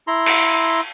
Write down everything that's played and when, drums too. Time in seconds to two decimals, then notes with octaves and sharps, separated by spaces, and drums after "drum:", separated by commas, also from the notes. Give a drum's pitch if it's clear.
0.07 E4 A#5 C6
0.26 drum: cymbal